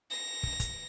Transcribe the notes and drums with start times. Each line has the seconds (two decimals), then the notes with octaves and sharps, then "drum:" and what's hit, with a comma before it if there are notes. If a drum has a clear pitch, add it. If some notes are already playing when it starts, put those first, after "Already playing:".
0.11 A#6
0.43 drum: kick
0.60 drum: kick, hi-hat